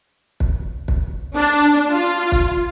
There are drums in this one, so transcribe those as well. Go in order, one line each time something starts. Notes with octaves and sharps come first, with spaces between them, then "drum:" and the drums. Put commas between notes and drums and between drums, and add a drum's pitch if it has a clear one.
drum: kick
drum: kick
D4
F4
drum: kick